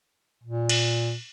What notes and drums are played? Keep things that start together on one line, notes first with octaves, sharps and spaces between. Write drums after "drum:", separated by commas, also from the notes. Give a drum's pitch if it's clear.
A#2
drum: cymbal